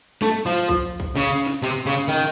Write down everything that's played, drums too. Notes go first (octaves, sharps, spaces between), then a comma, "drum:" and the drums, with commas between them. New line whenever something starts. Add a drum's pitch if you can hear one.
A3, drum: snare
F3
drum: kick
drum: kick
C#3
drum: snare
C3
C#3
D#3